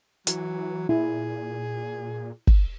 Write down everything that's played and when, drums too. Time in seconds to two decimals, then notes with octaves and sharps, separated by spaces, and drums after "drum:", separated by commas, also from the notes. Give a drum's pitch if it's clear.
0.27 E3 F#3, drum: hi-hat
0.89 A#2 E4 G#4
2.47 drum: kick